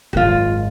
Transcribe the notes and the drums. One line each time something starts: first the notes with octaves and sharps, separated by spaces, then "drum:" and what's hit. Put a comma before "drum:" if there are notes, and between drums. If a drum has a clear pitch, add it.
F#4, drum: kick
G#1 F#2 D#3 G#3 F4